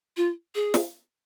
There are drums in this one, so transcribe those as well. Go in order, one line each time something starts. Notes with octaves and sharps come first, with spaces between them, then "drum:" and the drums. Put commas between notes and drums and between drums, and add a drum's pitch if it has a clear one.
F4
G#4
drum: snare